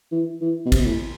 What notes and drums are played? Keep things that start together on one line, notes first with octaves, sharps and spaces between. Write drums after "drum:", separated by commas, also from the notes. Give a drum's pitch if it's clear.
E3
E3
B2
C3, drum: kick A1, cymbal
B2
A2